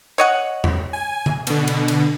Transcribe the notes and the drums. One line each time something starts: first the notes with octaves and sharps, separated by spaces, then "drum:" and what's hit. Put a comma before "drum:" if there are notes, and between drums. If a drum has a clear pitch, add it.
C#5 D#5 F#5
drum: tom E2
G#5
drum: tom C#3
B2 D3, drum: cymbal
drum: cymbal
drum: cymbal